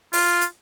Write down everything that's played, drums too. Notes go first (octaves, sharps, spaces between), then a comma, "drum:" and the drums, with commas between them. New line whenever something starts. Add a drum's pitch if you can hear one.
F4, drum: open hi-hat
drum: hi-hat